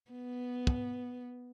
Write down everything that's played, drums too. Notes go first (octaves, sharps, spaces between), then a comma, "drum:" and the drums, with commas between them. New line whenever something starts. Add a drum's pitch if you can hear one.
B3
drum: kick